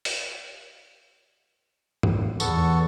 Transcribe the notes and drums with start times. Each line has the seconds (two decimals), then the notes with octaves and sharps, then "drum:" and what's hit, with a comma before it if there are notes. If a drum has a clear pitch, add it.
0.05 drum: open hi-hat
2.03 drum: tom
2.40 E2 B3 A4 C#6, drum: tambourine